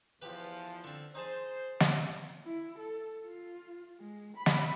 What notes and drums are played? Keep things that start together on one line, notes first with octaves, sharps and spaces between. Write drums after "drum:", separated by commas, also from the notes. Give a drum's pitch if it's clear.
E2 F3 G4 B4
D3 C4
D#4 G#4 C5 A5
drum: snare
E4
A4
F4
G#3
B5
drum: snare